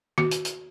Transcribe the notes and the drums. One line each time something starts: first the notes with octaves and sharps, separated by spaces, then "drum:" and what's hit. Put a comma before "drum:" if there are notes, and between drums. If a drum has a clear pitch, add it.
F#4, drum: tom
drum: hi-hat
drum: hi-hat